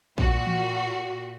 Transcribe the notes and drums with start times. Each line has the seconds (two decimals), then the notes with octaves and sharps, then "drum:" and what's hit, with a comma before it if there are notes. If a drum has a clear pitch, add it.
0.18 A#2 F#4 G4, drum: kick A#1
0.47 drum: tom E3